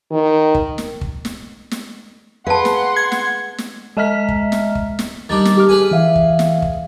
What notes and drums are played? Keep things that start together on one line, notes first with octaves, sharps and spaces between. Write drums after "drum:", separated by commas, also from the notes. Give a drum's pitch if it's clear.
D#3
drum: kick
drum: snare
drum: kick
drum: snare
drum: snare
G#4 B4 F5 F#5 A5 C6
drum: snare
G#6
drum: snare
drum: snare
G#3 D#5 E5 A#5 F6 B6
drum: kick
drum: snare
drum: kick
drum: snare
D#3 G3 D4 A6
drum: snare
G4 D6 F6
G#4 B4 G#5
E3 E5 F5
drum: kick
drum: snare
drum: kick